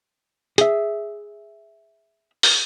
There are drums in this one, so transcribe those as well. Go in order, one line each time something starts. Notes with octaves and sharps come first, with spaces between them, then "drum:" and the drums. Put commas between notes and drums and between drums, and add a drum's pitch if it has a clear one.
G#4 E5, drum: hi-hat
drum: open hi-hat